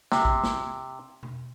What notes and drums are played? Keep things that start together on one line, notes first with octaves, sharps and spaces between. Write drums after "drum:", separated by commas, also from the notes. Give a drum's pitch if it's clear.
C3, drum: snare
drum: kick
drum: snare
drum: tom B2